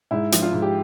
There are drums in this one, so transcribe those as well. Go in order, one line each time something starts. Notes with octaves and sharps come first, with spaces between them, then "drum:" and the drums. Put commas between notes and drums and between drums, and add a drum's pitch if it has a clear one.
G#2 E4
F3, drum: hi-hat
F4
G#2
G4